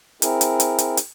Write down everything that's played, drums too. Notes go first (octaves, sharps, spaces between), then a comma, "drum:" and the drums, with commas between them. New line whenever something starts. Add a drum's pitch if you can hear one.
C4 E4 G#4 A#4, drum: hi-hat
drum: hi-hat
drum: hi-hat
drum: hi-hat
drum: hi-hat